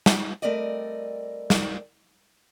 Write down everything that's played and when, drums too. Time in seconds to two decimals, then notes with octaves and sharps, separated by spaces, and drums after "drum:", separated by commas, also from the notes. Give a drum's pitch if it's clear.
0.06 drum: snare
0.42 G3 A3 C4 A#4 D5 D#5
1.50 drum: snare